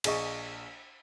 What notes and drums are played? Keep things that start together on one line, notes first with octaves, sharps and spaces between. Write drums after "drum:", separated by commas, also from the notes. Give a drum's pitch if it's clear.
A#1 G#4 D#5 C#6, drum: cymbal